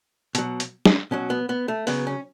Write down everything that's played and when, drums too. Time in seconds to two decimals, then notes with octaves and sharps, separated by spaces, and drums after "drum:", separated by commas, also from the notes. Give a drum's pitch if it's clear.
0.35 B2 F#3, drum: hi-hat
0.60 drum: hi-hat
0.85 drum: snare
1.11 B2 F#3 C#4
1.30 B3
1.49 B3
1.68 A3
1.87 C#3 F#3 B3, drum: open hi-hat
2.07 C#4